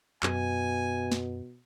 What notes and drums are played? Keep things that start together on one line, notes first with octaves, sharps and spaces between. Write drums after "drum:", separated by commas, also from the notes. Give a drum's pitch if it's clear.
F#2 B2 G#5, drum: clap
drum: snare